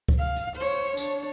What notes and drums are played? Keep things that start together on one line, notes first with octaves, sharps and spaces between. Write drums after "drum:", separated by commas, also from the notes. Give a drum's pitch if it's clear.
drum: kick C#2
F5
drum: hi-hat
C5 C#5
D4 C#5, drum: tambourine